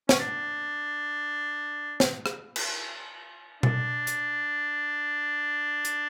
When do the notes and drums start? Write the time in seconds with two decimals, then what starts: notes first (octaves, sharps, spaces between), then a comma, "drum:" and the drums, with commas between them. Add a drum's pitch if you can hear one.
0.09 C#4, drum: snare
0.20 D4
2.00 drum: snare
2.26 drum: rim click
2.56 drum: cymbal
3.63 D4, drum: tom B2
4.07 drum: hi-hat
5.85 drum: hi-hat